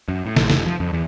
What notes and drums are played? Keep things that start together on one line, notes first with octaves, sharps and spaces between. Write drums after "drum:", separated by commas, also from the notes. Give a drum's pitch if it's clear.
F#2
A2
A#1, drum: snare
F1, drum: snare
F3
F2
E2